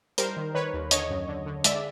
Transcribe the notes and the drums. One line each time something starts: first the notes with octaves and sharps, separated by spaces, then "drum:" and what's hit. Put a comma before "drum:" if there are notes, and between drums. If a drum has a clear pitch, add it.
G3 A#4 C5, drum: hi-hat
D#3
D#3 B4 C#5
D#2
D3 C#5 D#5, drum: hi-hat
F#2
D3
D3
G#3 D5 E5, drum: hi-hat